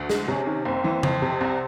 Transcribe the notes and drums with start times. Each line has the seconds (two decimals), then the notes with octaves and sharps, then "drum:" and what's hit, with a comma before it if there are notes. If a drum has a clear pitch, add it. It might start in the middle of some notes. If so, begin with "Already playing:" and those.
Already playing: D2
0.10 G#3, drum: snare
0.28 C3 C#4
0.47 D#3
0.65 F#1 C4
0.84 E3
1.03 F2, drum: tom C#3
1.22 C3
1.41 C2